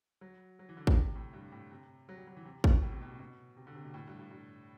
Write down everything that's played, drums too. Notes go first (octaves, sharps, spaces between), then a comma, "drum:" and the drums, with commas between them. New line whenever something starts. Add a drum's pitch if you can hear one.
F#3
F#3
E3
D3
D3, drum: kick
C3
A2
G2
A2
C3
F#3
G3
F#3
E3
C3
B2, drum: kick
A2
C3
B2
C3
B2
C3
D3
C3
B2
A2
G2
G2
G2